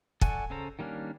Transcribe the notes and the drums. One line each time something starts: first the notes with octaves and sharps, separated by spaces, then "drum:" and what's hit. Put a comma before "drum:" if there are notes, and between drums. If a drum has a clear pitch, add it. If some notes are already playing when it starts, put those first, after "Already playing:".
A4 D5 F#5 G#5 C#6, drum: kick
C#3 C#4 A4 C5 A#5
D#3 G3 A#3 C#4 D4